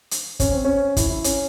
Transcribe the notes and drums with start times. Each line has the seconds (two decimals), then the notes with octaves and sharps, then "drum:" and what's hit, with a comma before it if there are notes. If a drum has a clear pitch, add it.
0.11 drum: hi-hat
0.40 C#4, drum: kick, hi-hat
0.52 C4
0.64 C#4
0.97 E4, drum: kick, hi-hat
1.10 E4
1.24 C#4, drum: hi-hat